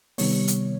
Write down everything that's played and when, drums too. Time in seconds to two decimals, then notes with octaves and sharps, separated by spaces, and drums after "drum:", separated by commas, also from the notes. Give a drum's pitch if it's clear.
0.18 C3 D#3 G3 B3 C#5, drum: open hi-hat
0.48 drum: hi-hat